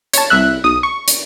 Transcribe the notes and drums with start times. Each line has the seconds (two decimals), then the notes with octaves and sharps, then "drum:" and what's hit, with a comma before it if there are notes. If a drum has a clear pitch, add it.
0.14 C#5 A5, drum: hi-hat
0.30 C2 E5 F#6
0.64 B1 D#6
0.83 C#6
1.08 drum: hi-hat